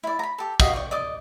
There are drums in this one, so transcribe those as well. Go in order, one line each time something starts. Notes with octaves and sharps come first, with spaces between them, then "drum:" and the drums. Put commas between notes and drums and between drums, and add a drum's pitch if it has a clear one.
E4 D5
A#5 B5
G4 A4
F#4 G4 D#5 F5, drum: kick, tambourine
D5 G5 C#6
D5 D#5 D6